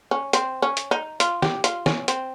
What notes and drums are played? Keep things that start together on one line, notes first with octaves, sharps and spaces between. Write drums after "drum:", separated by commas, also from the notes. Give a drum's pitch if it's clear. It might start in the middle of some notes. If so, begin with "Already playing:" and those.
C#4
C4, drum: hi-hat
C#4
drum: hi-hat
D#4
F4, drum: hi-hat
G4, drum: snare
F4, drum: hi-hat
C#4, drum: snare
C4, drum: hi-hat